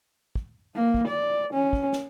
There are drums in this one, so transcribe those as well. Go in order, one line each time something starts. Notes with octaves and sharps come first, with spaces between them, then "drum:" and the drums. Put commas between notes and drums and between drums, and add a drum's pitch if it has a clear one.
drum: kick
A#3
drum: kick
D5
C#4
drum: kick
drum: snare